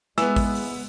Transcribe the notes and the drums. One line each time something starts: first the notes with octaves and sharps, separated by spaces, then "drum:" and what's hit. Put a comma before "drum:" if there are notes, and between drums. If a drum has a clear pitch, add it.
E3 G#3 B3 B4 E6, drum: snare
drum: kick A1, open hi-hat
drum: open hi-hat